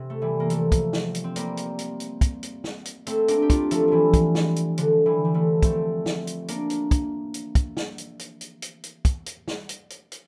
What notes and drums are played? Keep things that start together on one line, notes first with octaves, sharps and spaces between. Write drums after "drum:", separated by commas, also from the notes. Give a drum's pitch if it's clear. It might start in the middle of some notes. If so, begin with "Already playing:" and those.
Already playing: C3
A3
E3 G3
A#3
F3 A3, drum: hi-hat
drum: kick, hi-hat
drum: snare
drum: hi-hat
C4
G3 A#3, drum: hi-hat
drum: hi-hat
drum: hi-hat
drum: hi-hat
drum: kick, hi-hat
drum: hi-hat
drum: snare
drum: hi-hat
A3 C4, drum: hi-hat
A#3 D4, drum: hi-hat
G4
D4 F4, drum: kick, hi-hat
F3 A3, drum: hi-hat
E3 G3 A3
drum: kick, hi-hat
drum: snare
drum: hi-hat
D3 F3, drum: hi-hat
E3 G3
G3
F3 A3
A3 C4, drum: kick, hi-hat
drum: snare
drum: hi-hat
A#3 D4, drum: hi-hat
drum: hi-hat
drum: kick, hi-hat
drum: hi-hat
drum: kick, hi-hat
drum: snare
drum: hi-hat
drum: hi-hat
drum: hi-hat
drum: hi-hat
drum: hi-hat
drum: kick, hi-hat
drum: hi-hat
drum: snare
drum: hi-hat
drum: hi-hat
drum: hi-hat